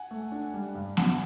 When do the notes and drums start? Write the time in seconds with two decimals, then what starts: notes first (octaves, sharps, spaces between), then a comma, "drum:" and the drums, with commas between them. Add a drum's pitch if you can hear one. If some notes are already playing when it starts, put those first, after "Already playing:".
Already playing: F#5 G#5
0.11 A3
0.32 D4
0.54 G3
0.75 G2
0.97 F3 F#5 G#5, drum: snare B3